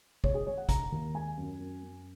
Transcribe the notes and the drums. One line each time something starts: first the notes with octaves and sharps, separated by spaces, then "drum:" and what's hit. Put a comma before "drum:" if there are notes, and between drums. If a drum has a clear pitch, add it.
G#3 C#5, drum: kick
G#4
G#3 C#5
F#5
G#3 A#5, drum: kick, hi-hat
D#2
G#3 G#5
F#2
F#2
F#2